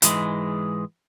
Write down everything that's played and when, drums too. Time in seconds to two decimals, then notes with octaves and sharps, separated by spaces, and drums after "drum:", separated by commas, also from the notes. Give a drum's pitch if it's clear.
0.02 G#2 E3 G#3, drum: hi-hat